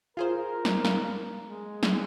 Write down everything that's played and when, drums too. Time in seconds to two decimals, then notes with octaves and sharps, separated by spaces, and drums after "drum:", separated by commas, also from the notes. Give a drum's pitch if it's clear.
0.17 F4 G#4 A#4 C5
0.65 drum: snare
0.85 A#3, drum: snare
1.49 G#3
1.83 drum: snare